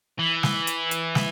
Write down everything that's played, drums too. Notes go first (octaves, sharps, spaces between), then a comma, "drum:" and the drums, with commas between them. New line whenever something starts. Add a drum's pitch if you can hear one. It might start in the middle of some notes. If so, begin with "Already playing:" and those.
E3
drum: snare
drum: hi-hat
drum: hi-hat
drum: snare